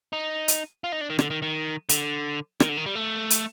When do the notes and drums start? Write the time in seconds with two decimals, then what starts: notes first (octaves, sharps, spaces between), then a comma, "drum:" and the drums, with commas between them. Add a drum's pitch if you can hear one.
0.13 D#4
0.48 drum: hi-hat
0.84 F4
0.92 D#4
1.01 D4
1.10 D#3
1.19 D3, drum: rim click
1.30 D#3
1.42 D#3
1.89 D3, drum: hi-hat
2.60 D#3, drum: rim click
2.69 D3
2.77 D#3
2.86 G3
2.95 A3
3.30 drum: hi-hat